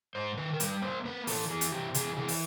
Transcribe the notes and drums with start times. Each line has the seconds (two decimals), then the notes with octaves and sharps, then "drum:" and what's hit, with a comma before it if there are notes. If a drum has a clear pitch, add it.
0.15 G#2 C5
0.37 D#3 B4
0.54 A#4
0.60 G3 B4, drum: hi-hat
0.82 A#3 C5
1.05 A#3 B4
1.27 E3 A4, drum: open hi-hat
1.50 E3 G#4
1.61 drum: hi-hat
1.72 C3 G4
1.94 E3 G#4, drum: hi-hat
2.17 E3 G#4
2.28 drum: open hi-hat